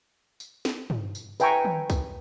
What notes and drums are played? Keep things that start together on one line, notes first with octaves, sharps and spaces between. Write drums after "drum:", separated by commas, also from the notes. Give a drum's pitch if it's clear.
drum: tambourine
drum: snare
drum: tom
drum: tambourine
B4 E5 G5 G#5 A#5 C#6, drum: tambourine
drum: tom
drum: kick C2, tambourine